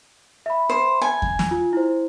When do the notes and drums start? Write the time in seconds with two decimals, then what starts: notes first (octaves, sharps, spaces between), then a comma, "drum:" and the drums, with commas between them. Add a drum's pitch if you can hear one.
0.46 E5 B5
0.70 C5
1.02 G#5
1.22 drum: kick E2
1.39 drum: snare
1.51 F4
1.73 E4 C5